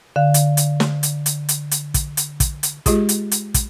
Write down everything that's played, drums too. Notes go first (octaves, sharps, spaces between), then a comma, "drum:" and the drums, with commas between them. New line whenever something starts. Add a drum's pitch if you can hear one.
D3 F5
drum: hi-hat
drum: hi-hat
drum: snare
drum: hi-hat
drum: hi-hat
drum: hi-hat
drum: hi-hat
drum: kick, hi-hat
drum: hi-hat
drum: kick, hi-hat
drum: hi-hat
G#3 F4 G4 G#4, drum: kick, hi-hat
drum: hi-hat
drum: hi-hat
drum: kick, hi-hat